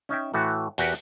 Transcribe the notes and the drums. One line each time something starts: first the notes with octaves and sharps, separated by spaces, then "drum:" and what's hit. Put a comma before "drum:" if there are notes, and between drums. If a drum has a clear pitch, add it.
C#4 D#4 E5 G5
A2 E3 A3 F#4
E2 F#4 G4 A#4 B4 F#5, drum: open hi-hat